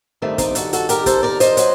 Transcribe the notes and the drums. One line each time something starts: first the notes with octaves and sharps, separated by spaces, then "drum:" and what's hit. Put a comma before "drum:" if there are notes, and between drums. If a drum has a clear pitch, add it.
G2 D#3 G3 A3 C4
C4 D#4, drum: kick, hi-hat
F#4 A4, drum: hi-hat
F#4 A4, drum: hi-hat
G4 A#4, drum: hi-hat
A4 C5, drum: kick, hi-hat
A#4 D5
C5 D#5, drum: hi-hat
F#3, drum: hi-hat